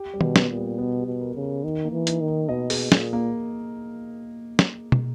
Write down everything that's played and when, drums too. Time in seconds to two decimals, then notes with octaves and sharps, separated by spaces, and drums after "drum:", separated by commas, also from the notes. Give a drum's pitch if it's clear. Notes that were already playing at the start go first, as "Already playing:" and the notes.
Already playing: G4
0.14 G3
0.21 B2, drum: tom D#3
0.36 B3, drum: snare
0.49 A#2
0.56 G3
0.78 B2 B3
1.00 G4
1.06 B2
1.20 A#4
1.35 C#3
1.42 A#4
1.64 D#3 D#4
1.84 A#3
1.92 E3
2.07 D#4, drum: hi-hat
2.20 D#3
2.27 D#4
2.49 B2 D#5
2.70 G#4, drum: open hi-hat
2.92 A#2 G#4, drum: snare
3.13 A#3
4.59 drum: snare
4.92 drum: tom